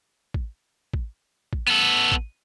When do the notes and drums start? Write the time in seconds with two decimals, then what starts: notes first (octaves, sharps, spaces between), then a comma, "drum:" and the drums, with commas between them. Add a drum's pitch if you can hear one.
0.34 drum: kick A1
0.94 drum: kick A1
1.53 drum: kick A1
1.67 B3 A4
2.12 drum: kick A1